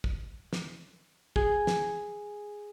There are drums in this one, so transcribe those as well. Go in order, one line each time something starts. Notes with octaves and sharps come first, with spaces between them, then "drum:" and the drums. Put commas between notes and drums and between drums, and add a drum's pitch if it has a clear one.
drum: kick
drum: snare
G#4, drum: kick
drum: snare